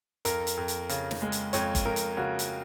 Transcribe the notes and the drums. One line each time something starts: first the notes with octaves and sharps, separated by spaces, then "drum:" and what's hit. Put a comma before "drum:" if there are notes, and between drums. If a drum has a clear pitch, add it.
F2 A#4, drum: hi-hat
drum: hi-hat
F2
drum: hi-hat
C#3, drum: hi-hat
drum: snare
G#3
drum: hi-hat
F2 C#5, drum: hi-hat
drum: kick G1, hi-hat
F2 A#4
drum: hi-hat
C#3 F#4
drum: hi-hat